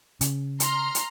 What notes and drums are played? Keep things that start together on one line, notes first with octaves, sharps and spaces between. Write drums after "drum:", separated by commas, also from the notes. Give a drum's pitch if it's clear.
C#3, drum: hi-hat
A#5 C6 F6, drum: hi-hat
drum: hi-hat